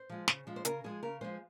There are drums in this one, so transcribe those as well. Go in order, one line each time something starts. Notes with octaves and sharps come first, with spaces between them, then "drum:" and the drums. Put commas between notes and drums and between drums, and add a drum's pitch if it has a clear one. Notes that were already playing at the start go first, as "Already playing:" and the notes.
Already playing: C5
F3 G#3
C#3, drum: snare
F3 G#3
C5
C#3 A#4, drum: hi-hat
F3 G#3 G#4
C#3 A#4
F3 G#3 C5